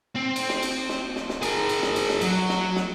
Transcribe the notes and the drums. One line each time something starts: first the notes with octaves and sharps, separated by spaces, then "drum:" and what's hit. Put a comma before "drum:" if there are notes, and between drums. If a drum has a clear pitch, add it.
C4
drum: cymbal
drum: snare
drum: cymbal
drum: snare
drum: snare
drum: snare
G#4 A#4, drum: cymbal
drum: cymbal
drum: snare
drum: cymbal
drum: snare
F#3, drum: cymbal
drum: snare
drum: snare